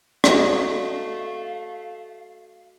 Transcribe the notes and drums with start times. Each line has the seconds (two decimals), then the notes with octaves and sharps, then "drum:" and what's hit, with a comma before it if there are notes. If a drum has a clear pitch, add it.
0.24 A3 F#4 C#5 D#5 F5, drum: rim click